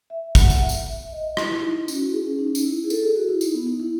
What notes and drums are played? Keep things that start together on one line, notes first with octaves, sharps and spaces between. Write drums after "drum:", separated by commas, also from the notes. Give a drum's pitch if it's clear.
E5
F#5, drum: kick, tambourine
F#5, drum: tambourine
E5
drum: tambourine
E5
D#5
E4, drum: rim click
E4
D#4
C#4, drum: tambourine
F#4
E4
G#4
C#4
D#4
C#4
D#4, drum: tambourine
E4
G#4
A4, drum: tambourine
G#4
F#4
E4
D#4, drum: tambourine
B3
D#4
E4